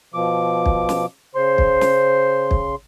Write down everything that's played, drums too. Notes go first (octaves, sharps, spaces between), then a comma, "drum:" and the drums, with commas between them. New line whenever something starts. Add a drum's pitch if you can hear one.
B2 F3 D6
drum: kick
drum: snare
C#3 C5 C6
drum: kick
drum: snare
drum: kick